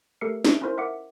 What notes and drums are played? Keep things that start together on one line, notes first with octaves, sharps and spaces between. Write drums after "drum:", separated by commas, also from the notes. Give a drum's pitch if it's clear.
A3 G4 A4 A#4 C7 C#7
D#4 E5 D7, drum: snare
C#4 E4 F4 A#4 C5 C6
A#4 E5 F#5 D6 C#7